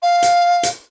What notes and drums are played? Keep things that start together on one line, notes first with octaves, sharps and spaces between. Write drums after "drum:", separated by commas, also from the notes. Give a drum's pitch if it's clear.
F5
drum: hi-hat
drum: hi-hat